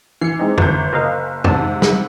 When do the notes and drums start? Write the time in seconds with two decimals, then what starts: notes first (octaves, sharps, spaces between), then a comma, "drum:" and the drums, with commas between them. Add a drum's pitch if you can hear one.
0.21 E3 C7 C#7
0.39 G#3 C4 D#4
0.58 G1 G6, drum: tom
0.93 F#1 A#4 D#5 F5
1.44 G#2 C3 G3 A5, drum: tom
1.82 B5, drum: snare